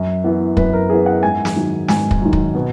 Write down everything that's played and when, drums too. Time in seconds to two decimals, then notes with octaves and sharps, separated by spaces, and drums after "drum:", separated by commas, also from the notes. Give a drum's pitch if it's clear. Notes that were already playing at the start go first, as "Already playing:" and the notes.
Already playing: F#2
0.24 E3 B3
0.57 F#2 B4, drum: kick
0.73 A#4
0.90 E3 B3 G#4
1.06 F#5
1.23 G#2 G#5
1.45 drum: snare
1.56 D#3 F#3
1.88 G#2 G#5, drum: snare
2.11 drum: kick
2.22 D#3 F#3
2.33 drum: kick
2.55 B2